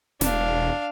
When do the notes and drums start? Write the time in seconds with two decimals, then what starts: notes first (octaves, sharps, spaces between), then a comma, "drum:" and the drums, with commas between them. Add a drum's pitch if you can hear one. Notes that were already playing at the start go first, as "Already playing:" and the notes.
0.21 E1 D4 F5, drum: snare